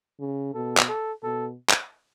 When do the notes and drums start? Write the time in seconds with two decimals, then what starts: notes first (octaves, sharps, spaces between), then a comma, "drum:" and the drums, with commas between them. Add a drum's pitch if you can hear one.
0.20 C#3
0.54 B2 A4
0.77 drum: clap
0.89 A4
1.23 B2 A4
1.70 drum: clap